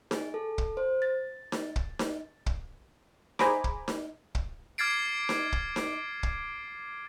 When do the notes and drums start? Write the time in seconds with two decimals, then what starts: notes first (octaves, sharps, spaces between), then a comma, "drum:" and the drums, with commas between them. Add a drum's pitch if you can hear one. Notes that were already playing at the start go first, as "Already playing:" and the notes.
0.11 G#4, drum: snare D#4
0.34 A4
0.58 drum: kick
0.77 C5
1.02 A6
1.52 drum: snare D#4
1.76 drum: kick
1.99 drum: snare D#4
2.46 drum: kick
3.39 G#4 C5 G#5 A#5 B5 D6, drum: snare D#4
3.64 drum: kick
3.88 drum: snare D#4
4.35 drum: kick
4.78 D6 F6 G#6 A6 C7 D7
5.29 drum: snare D#4
5.52 drum: kick
5.76 drum: snare D#4
6.23 drum: kick